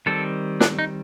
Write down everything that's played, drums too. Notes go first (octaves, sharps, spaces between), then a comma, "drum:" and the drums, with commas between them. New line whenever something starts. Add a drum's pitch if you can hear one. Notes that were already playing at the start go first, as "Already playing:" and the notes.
D#3 G3 C4 A4
D4, drum: snare
D#4